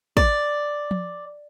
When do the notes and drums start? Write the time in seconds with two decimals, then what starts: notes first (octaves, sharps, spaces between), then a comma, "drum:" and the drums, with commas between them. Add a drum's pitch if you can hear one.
0.17 D5, drum: kick
0.91 drum: tom F3